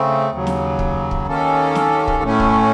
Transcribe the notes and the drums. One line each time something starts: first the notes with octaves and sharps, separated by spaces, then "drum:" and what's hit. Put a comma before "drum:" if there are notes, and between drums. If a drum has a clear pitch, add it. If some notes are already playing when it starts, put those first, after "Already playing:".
Already playing: C#3 A3 C4
D#2 C#3 F#3
drum: snare
drum: kick
drum: kick
D#2 D#3 A#3 C#4 A4
drum: snare
drum: kick
A2 A3 C#4
drum: kick